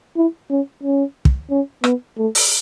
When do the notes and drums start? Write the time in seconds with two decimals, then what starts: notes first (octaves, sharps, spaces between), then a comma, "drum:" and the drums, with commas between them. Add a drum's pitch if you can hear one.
0.16 E4
0.50 C#4
0.83 C#4
1.25 drum: kick
1.51 C#4
1.84 B3, drum: rim click
2.18 A3
2.35 drum: open hi-hat